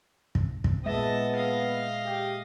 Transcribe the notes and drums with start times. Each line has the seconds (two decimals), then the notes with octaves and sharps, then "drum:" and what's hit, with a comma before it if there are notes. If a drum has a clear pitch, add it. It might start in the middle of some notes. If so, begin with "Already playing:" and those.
0.35 drum: kick
0.64 drum: kick
0.85 A#2 G#3 B3 D#5 E5 A5
1.35 D#5 F5
2.06 G4